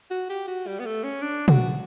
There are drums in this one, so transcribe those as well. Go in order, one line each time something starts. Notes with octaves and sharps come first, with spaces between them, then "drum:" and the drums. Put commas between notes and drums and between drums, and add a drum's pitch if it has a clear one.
F#4
G4
F#4
G3
B3
A3
C#4
D4
F#4, drum: tom